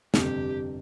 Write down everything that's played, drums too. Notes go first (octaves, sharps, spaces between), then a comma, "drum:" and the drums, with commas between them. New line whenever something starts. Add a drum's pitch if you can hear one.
G1 F2 C3 G4, drum: snare